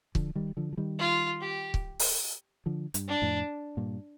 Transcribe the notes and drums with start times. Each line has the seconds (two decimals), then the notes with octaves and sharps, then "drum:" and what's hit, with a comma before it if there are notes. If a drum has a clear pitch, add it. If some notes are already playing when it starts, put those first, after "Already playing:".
0.15 D3 F3, drum: kick C#1
0.35 D#3 G3
0.57 D3 F3
0.73 F3
0.77 D#3 G3
0.99 F4
1.41 G4
1.74 drum: kick C#1
1.99 drum: open hi-hat
2.66 D3 F3
2.94 G2, drum: hi-hat
3.08 D4
3.22 F2 A2
3.77 G2 A#2